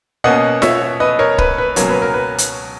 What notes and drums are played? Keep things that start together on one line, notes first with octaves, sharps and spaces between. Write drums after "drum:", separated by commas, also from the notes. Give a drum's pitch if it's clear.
B2 A#3 C#4 D#5 F#5
C#5 E5, drum: snare F4
B4 D#5
A#4 C#5
B4, drum: kick
B4
C#2 B2 F#3 A#3 C#4 C#5, drum: hi-hat
B4
A#4
B4
drum: hi-hat